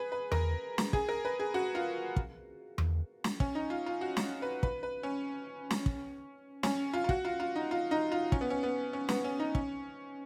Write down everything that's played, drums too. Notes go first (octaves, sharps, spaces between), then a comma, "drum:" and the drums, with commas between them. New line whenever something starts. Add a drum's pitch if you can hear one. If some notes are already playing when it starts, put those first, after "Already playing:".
Already playing: G#4 B4
B4
A#4, drum: tom E2
drum: snare
G#4, drum: kick
A#4
B4
G#4
F#4
F4
drum: kick
drum: tom E2
drum: snare
C#4, drum: kick
D#4
F4
F4
F#4
drum: snare
B4
B4, drum: kick
B4
C#4
drum: snare
drum: kick
C#4, drum: snare
F4
F4
F#4, drum: kick
F4
F4
D#4
F4
D#4
F4
C#4, drum: kick
B3
C#4
B3
C#4
B3, drum: snare
C#4
D#4
C#4, drum: kick